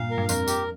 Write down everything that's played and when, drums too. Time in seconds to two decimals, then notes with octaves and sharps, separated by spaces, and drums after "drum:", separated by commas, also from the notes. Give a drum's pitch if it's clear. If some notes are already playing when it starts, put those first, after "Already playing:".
Already playing: G2 A#2 F5
0.11 A#4
0.18 G2
0.29 F2 A#4, drum: tambourine
0.48 G4, drum: tambourine